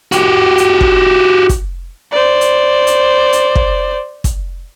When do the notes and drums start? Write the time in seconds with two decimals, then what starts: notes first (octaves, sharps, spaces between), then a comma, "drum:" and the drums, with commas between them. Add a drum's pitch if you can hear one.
0.12 F#4 G4, drum: hi-hat
0.58 drum: hi-hat
0.81 drum: kick
1.49 drum: kick, hi-hat
2.12 C5 D5
2.41 drum: hi-hat
2.87 drum: hi-hat
3.33 drum: hi-hat
3.55 drum: kick
4.24 drum: kick, hi-hat